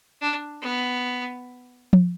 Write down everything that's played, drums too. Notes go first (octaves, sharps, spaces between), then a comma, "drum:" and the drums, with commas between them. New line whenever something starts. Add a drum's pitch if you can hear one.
D4
B3
drum: tom F3